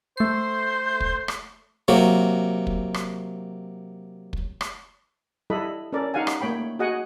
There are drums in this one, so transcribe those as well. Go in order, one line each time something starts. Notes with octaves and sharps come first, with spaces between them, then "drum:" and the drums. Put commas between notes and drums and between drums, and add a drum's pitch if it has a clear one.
A3 C5 C7
drum: kick
drum: rim click
C3 F#3 A#3
drum: kick
drum: rim click
drum: kick
drum: rim click
G3 E4 A4 D#5 B5
C#4 A4 A#4 D5
D#4 G4 F5 F#5 G#5
drum: rim click
A3 A#3 C#5 G5 B5
F#4 G#4 D#5 F#5 G#5